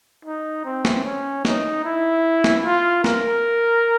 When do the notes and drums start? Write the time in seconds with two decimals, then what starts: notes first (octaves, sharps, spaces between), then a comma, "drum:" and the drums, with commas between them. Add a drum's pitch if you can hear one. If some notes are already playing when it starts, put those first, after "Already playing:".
0.25 D#4
0.65 C4
0.85 drum: snare
1.04 C#4
1.45 D#4, drum: snare
1.85 E4
2.44 drum: snare
2.64 F4
3.04 A#4, drum: snare